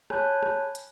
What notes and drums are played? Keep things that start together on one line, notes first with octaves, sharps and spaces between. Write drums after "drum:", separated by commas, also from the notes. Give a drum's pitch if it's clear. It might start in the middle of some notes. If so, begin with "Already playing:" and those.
C#5 G#5 A5 B5 F#6 G6, drum: rim click
drum: rim click
drum: hi-hat